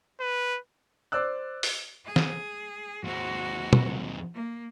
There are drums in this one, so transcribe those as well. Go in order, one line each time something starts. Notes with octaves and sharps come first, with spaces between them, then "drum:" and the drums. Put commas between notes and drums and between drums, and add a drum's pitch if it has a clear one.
B4
C5 D5 D6 E6 F#6
drum: open hi-hat
G#4
drum: snare
D#2 C4 F#4
drum: tom
A#3